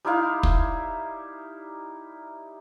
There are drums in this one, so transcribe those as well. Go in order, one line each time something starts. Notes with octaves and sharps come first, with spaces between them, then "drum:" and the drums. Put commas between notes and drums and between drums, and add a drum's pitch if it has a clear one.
G3 D#4 E4 F5
drum: kick